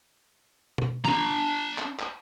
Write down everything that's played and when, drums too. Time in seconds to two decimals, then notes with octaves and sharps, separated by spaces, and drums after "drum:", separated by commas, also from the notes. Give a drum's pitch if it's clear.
0.78 drum: tom
1.05 D4 A#5, drum: snare
1.78 drum: clap
2.00 drum: clap